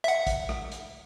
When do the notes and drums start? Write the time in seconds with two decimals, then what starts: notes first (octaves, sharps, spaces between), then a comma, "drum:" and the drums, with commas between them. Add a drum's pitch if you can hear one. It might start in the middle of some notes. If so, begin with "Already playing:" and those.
0.04 E5 F#5
0.27 drum: kick, hi-hat
0.49 drum: rim click
0.72 drum: hi-hat